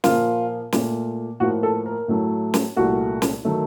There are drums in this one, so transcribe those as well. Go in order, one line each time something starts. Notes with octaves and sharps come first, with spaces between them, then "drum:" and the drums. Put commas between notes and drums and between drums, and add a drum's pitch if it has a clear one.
A#2 F3 A#3 F4, drum: snare
A#2 A3, drum: snare
A2 F3 A#3 F#4
A4
A#4
A2 F#3 A3
drum: snare
C2 A#2 A3 F#4
drum: snare
D#3 F#3 A3